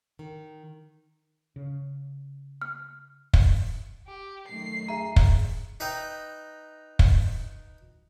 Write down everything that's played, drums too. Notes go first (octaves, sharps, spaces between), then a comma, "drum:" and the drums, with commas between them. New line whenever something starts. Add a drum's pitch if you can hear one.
D#3
C#3
F6
drum: kick
G4
F#2 D#3 A3 C7
G#4 E5 A#5
drum: kick
D#4 B4 E5 G5 A#5
drum: kick